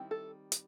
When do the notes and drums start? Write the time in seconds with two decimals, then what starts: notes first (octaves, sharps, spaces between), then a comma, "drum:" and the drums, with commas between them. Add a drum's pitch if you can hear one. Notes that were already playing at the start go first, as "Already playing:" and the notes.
Already playing: D#3 G3 C4 E4
0.11 A4
0.52 drum: hi-hat